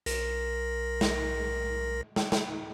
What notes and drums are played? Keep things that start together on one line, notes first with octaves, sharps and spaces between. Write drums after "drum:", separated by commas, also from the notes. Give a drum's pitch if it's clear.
B1 A#4 A#6, drum: hi-hat
drum: snare
drum: snare
drum: snare